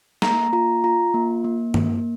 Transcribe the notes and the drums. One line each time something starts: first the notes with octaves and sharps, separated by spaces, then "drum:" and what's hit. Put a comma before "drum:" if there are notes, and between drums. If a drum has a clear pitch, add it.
A#3 A#5, drum: snare
F4 A#5
F4 A#5
A#3
A#3
A#3, drum: tom